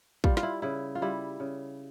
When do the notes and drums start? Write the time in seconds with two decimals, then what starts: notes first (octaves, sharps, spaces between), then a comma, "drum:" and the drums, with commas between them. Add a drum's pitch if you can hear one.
0.24 G3 F4, drum: kick
0.37 F4, drum: snare
0.43 E4
0.62 C#3 E4
0.95 F4
1.02 G3 E4
1.40 C#3